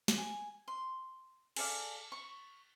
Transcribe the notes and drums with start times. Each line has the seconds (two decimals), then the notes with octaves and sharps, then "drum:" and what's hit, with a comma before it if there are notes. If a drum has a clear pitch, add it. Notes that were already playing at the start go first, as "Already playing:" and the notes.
0.08 drum: snare
0.18 G#5
0.68 C6
1.56 G#4 A4 D5 F5, drum: cymbal
2.12 C#6